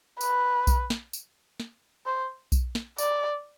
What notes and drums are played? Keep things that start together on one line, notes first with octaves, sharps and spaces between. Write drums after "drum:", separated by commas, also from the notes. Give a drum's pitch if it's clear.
B4, drum: tambourine
drum: kick B1, tambourine
drum: snare
drum: tambourine
drum: snare
C5
drum: kick B1, tambourine
drum: snare
D5, drum: tambourine